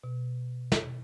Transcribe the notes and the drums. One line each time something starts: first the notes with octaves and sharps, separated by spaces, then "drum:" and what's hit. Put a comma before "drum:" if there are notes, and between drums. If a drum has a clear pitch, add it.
B2
drum: snare